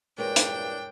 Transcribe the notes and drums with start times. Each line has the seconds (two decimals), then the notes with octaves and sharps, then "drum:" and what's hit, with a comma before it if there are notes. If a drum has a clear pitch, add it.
0.18 E2 G2 A#2 G#3 D4 A#4 C#5 G5
0.36 drum: hi-hat